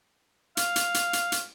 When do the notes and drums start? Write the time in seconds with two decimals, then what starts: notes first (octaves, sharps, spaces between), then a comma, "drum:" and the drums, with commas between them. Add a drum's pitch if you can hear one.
0.57 F5, drum: hi-hat
0.76 drum: hi-hat
0.94 drum: hi-hat
1.13 drum: hi-hat
1.32 drum: hi-hat